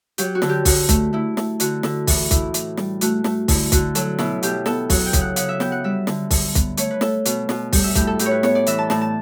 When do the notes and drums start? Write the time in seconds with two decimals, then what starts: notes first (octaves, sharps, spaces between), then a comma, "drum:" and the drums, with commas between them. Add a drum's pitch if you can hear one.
0.18 F#3 G4, drum: hi-hat
0.35 F#4
0.42 D3, drum: snare
0.50 G4
0.65 D3 F#4, drum: kick, open hi-hat
0.89 A3, drum: kick, hi-hat
1.13 A3 E4
1.37 A3, drum: snare
1.60 D3 F#4, drum: hi-hat
1.83 D3 A4, drum: snare
2.07 E3 F#4, drum: kick, open hi-hat
2.31 A2 E4, drum: kick, hi-hat
2.54 A2, drum: hi-hat
2.77 G3, drum: snare
3.01 A3 F#4, drum: hi-hat
3.24 A3, drum: snare
3.48 D3 E4, drum: kick, open hi-hat
3.72 D3 F#4, drum: kick, hi-hat
3.95 F#3 A4, drum: hi-hat
4.19 B2 E4, drum: snare
4.43 B2 G4, drum: hi-hat
4.66 B3 A4, drum: snare
4.90 F#3 F#5, drum: kick, open hi-hat
5.06 G5
5.13 C#3, drum: kick, hi-hat
5.21 F#5
5.36 C#3 F#5, drum: hi-hat
5.49 E5
5.60 B3 G5, drum: snare
5.72 F#5
5.84 G3 E5
6.07 D3, drum: snare
6.31 D3, drum: kick, open hi-hat
6.55 B3, drum: kick, hi-hat
6.77 A3 C#5, drum: hi-hat
6.91 B4
7.01 A3 A4, drum: snare
7.26 B2, drum: hi-hat
7.49 B2, drum: snare
7.73 G3 G4, drum: kick, open hi-hat
7.84 E5
7.95 A2 G4, drum: kick, hi-hat
8.07 A4
8.19 A2 G4, drum: hi-hat
8.26 C#5
8.31 B4
8.43 B3 C#5, drum: snare
8.55 D5
8.67 E3 E5, drum: hi-hat
8.78 A5
8.90 A2 A5, drum: snare
9.01 A5